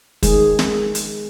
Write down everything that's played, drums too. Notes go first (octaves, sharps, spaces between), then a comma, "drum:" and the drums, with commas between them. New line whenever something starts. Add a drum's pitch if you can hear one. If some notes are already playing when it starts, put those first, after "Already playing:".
D#3 G#3 G#4, drum: kick, hi-hat
drum: snare
drum: hi-hat